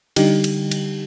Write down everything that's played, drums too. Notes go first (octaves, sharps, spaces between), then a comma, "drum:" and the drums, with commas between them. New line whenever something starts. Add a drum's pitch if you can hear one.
D3 G3 D#4 G4, drum: cymbal
drum: cymbal
drum: cymbal